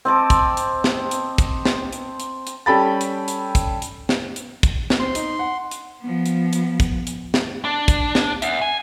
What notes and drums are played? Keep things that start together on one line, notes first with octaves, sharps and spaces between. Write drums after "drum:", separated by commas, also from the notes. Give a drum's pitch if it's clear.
C4 D#5 A5 D6
drum: kick, hi-hat
drum: hi-hat
drum: snare
drum: hi-hat
drum: kick, hi-hat
drum: snare
drum: hi-hat
drum: hi-hat
drum: hi-hat
G3 C#4 A4 G5 B5 A6
drum: hi-hat
drum: hi-hat
drum: kick, hi-hat
drum: hi-hat
drum: snare
drum: hi-hat
drum: kick, hi-hat
drum: snare
C4 C6
D#4, drum: hi-hat
F#5
drum: hi-hat
F3 B3
drum: hi-hat
drum: hi-hat
drum: kick, hi-hat
drum: hi-hat
drum: snare
D4
drum: kick, hi-hat
drum: snare
E5 F#5, drum: hi-hat
G#5